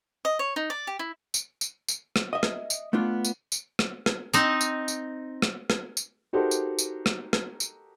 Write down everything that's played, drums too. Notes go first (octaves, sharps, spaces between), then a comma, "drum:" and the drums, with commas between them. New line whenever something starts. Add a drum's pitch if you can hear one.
D#5
C#5
D#4
D5
G4
E4
drum: tambourine
drum: tambourine
drum: tambourine
drum: rim click
D#5 E5
drum: rim click
drum: tambourine
A3 B3 D4 F4
drum: tambourine
drum: tambourine
drum: rim click
drum: rim click
C4 D#4, drum: tambourine
drum: tambourine
drum: tambourine
drum: rim click
drum: rim click
drum: tambourine
D#4 F#4 G4 A4 A#4 C5
drum: tambourine
drum: tambourine
drum: rim click
drum: rim click
drum: tambourine